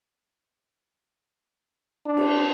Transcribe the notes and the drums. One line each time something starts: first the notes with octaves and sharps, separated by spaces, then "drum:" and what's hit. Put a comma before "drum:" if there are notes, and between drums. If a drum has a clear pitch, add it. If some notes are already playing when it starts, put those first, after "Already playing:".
D4
drum: cymbal